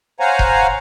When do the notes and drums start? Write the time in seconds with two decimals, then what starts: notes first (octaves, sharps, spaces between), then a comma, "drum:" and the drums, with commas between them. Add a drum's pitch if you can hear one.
0.20 C5 C#5 F5 F#5 G#5 A#5
0.39 drum: kick E1